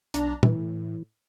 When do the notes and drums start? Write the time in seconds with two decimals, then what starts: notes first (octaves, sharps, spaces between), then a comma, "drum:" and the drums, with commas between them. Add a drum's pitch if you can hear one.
0.14 B1 D4 A#5, drum: hi-hat
0.43 A2 E3, drum: tom